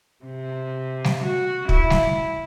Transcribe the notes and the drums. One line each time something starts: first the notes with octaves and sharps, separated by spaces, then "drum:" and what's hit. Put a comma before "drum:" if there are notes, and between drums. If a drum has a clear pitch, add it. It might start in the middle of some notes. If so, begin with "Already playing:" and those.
C3
drum: snare G3
F#4
E4, drum: kick
drum: snare G3